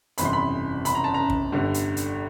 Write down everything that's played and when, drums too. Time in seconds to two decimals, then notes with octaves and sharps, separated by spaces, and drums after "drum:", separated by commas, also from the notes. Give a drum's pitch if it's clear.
0.18 G1 F2 C3 E3 B5, drum: hi-hat
0.25 C6
0.33 B5
0.85 B5, drum: hi-hat
0.95 A#5
1.04 A5
1.14 A#5
1.30 drum: kick
1.52 G1 G2 D3
1.74 drum: hi-hat
1.97 drum: hi-hat